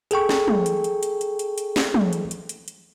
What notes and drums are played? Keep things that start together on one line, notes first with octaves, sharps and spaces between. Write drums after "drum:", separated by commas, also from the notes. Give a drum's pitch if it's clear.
G#4 A4 G5 C#6, drum: hi-hat
drum: snare
drum: tom
drum: hi-hat
drum: hi-hat
drum: hi-hat
drum: hi-hat
drum: hi-hat
drum: hi-hat
drum: snare
drum: tom
drum: hi-hat
drum: hi-hat
drum: hi-hat
drum: hi-hat